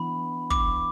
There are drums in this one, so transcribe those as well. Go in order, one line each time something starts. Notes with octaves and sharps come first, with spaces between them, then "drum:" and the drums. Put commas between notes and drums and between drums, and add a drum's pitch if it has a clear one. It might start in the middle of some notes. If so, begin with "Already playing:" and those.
Already playing: E3 B3 D4 B5
D6, drum: kick